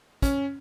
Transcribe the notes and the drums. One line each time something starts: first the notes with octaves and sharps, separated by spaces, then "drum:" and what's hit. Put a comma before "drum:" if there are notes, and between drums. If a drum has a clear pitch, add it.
C#4, drum: kick, hi-hat